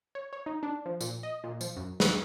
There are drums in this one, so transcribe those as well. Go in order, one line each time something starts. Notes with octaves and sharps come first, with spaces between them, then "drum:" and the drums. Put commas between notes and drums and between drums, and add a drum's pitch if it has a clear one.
C#5
C#5
D#4
D4
F3
A#2, drum: tambourine
D#5
A#2
F3, drum: tambourine
F#2
B4, drum: snare